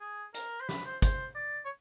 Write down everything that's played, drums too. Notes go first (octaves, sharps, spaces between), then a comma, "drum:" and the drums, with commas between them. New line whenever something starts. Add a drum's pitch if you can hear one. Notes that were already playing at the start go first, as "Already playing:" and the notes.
G#4
A#4, drum: hi-hat
C5
B4, drum: snare
C5
C5, drum: kick, hi-hat
D5
C#5